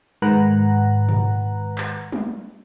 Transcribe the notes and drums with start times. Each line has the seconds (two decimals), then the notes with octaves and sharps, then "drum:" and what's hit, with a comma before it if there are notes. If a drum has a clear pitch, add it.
0.22 G#2 D#3 B4 F#5 A#5 F#6
1.09 drum: tom
1.78 drum: clap
2.12 drum: tom